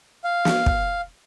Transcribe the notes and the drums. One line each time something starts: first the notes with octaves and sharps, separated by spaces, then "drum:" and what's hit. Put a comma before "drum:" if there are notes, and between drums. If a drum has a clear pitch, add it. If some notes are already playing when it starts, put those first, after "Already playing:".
F5
drum: snare
drum: kick